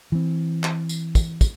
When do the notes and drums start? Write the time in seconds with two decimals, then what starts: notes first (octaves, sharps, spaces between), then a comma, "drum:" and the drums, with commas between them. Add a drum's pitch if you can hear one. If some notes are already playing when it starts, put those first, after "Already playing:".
0.12 E3 C4
0.64 drum: clap
0.89 drum: tambourine
1.15 drum: kick, tambourine
1.41 drum: kick, tambourine